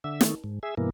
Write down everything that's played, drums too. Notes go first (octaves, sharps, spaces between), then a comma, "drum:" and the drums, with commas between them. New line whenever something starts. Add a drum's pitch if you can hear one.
D3 E5
D#3 A3, drum: snare
G#2
G#4 E5
G2 B2 E3 A#3